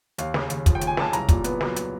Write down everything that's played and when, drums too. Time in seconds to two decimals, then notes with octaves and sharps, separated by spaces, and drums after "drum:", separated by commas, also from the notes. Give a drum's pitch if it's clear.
0.18 D#2 F5, drum: hi-hat
0.34 C#3, drum: snare
0.50 D#2, drum: hi-hat
0.66 F3, drum: kick, hi-hat
0.75 G5
0.81 D#2, drum: hi-hat
0.87 G#5
0.97 C#3 A5, drum: snare
1.13 C2 A#5, drum: hi-hat
1.29 A#2, drum: kick, hi-hat
1.44 B3, drum: hi-hat
1.61 F#3, drum: snare
1.76 drum: hi-hat